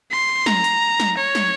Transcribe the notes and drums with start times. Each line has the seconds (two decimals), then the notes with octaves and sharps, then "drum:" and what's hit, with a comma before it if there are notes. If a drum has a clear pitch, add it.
0.12 C6
0.46 A#5, drum: snare
0.64 drum: hi-hat
1.00 drum: snare
1.17 C#5
1.35 drum: snare